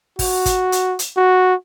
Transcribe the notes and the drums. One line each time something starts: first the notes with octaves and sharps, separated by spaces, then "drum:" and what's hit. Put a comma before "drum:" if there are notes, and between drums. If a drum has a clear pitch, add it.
F#4, drum: kick, open hi-hat
drum: kick, hi-hat
drum: hi-hat
drum: hi-hat
F#4